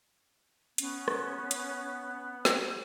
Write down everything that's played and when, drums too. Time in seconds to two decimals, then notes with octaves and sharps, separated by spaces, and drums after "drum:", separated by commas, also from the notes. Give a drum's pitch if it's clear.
0.78 B3 C#4, drum: hi-hat
1.08 drum: rim click
1.51 drum: hi-hat
2.45 drum: snare